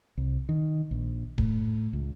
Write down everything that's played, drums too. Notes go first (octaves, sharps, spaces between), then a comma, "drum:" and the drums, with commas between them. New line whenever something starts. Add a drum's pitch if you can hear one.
C2
D#3
A#1
A2, drum: kick D1
C#2